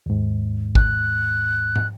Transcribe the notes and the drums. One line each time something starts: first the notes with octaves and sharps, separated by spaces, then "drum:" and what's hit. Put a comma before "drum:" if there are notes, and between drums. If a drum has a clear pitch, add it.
D#2 G#2
F#6, drum: kick G#1
drum: tom